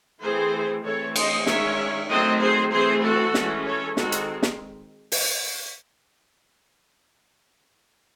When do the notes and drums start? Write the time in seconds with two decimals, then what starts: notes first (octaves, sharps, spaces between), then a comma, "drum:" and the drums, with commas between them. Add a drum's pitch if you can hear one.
0.22 E3 A3 C4 G#4 C5
0.84 E3 A3 C4 A4 C#5
1.16 C5 D#5, drum: cymbal
1.47 D#3 G#3 C#4 C#5 E5, drum: snare
2.10 D#3 F#3 A3 C4 C5 D#5
2.41 G#4 C5
2.72 E3 A3 C4 G#4 C5
3.03 F#4 A4
3.34 E3 G#3 C#4, drum: snare
3.66 A4 C#5
3.97 D#3 G#3 C4 F#4 A4, drum: snare
4.12 drum: hi-hat
4.43 drum: snare
5.12 drum: open hi-hat